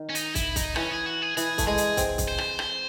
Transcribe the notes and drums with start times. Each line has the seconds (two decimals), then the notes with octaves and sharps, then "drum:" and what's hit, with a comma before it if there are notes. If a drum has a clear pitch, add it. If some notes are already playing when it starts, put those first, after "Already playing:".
Already playing: D#3
0.10 C#4
0.15 D#4, drum: hi-hat
0.35 E4, drum: kick, hi-hat
0.56 D#4, drum: kick, hi-hat
0.76 E3 C#4, drum: rim click
0.91 G#4
1.06 F#4
1.22 G#4
1.37 E3 G#4, drum: hi-hat
1.58 A3, drum: kick, hi-hat
1.67 G#3 G#4
1.77 drum: hi-hat
1.97 C4, drum: kick, hi-hat
2.18 drum: kick, hi-hat
2.28 C5
2.38 drum: rim click
2.59 drum: rim click